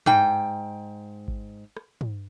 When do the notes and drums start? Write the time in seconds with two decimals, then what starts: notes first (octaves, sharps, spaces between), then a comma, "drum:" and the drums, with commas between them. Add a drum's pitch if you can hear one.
0.06 G#2 G5, drum: tom
1.28 drum: kick G#1
1.77 drum: rim click
2.01 drum: tom